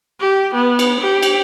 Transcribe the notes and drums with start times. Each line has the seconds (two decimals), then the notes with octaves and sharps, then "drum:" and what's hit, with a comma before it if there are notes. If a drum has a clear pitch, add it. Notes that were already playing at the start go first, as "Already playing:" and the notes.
0.20 G4
0.55 B3
0.79 drum: cymbal
1.01 G4
1.23 drum: cymbal